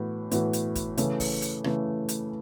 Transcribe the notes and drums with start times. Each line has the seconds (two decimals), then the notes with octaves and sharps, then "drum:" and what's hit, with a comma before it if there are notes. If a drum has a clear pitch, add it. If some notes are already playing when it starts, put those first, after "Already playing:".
Already playing: A2 E3 B3 F#4
0.31 A2 E3 B3 F#4, drum: hi-hat
0.53 drum: hi-hat
0.75 drum: kick, hi-hat
0.97 C#3 E3 A3, drum: hi-hat
1.20 drum: kick, open hi-hat
1.42 drum: hi-hat
1.64 C#3 E3 A3, drum: rim click
2.08 drum: hi-hat